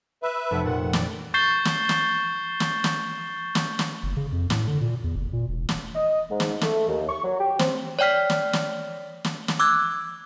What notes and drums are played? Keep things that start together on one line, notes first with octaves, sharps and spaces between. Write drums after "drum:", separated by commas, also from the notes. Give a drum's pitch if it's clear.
B4 E5
F1 F#5
A#2 F#5
D5, drum: snare
C#6 G6 A6 C7 G7
drum: snare
drum: snare
drum: snare
drum: snare
drum: snare
drum: snare
F#1
C#3
F2
A2, drum: snare
D3
A#2
E2
F#1
A#2
E1
drum: snare
D#5
G#2
drum: snare
A3, drum: snare
D#2
C#6
F#3
G4
C4, drum: snare
C#5 D5 G5 F6 B6
drum: snare
drum: snare
drum: snare
drum: snare
D6 E6 F#6 G#6